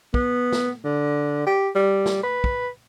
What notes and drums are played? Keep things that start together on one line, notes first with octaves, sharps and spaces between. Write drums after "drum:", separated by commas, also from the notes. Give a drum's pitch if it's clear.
B3, drum: kick
drum: snare
D3
G4
G3
drum: snare
B4
drum: kick